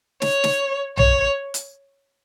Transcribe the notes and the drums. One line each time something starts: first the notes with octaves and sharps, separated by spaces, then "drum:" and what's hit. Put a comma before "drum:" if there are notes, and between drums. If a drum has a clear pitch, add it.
C#5, drum: snare
drum: snare
C#5, drum: tom B1
drum: hi-hat